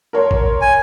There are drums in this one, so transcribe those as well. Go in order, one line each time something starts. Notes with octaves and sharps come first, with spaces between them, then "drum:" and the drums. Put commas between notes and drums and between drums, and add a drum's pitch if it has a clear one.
A#4 C#5 C6
drum: kick A1
G#5